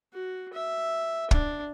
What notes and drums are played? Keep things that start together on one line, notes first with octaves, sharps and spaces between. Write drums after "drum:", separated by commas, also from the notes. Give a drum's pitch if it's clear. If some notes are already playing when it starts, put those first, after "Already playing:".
F#4
E5
D4, drum: kick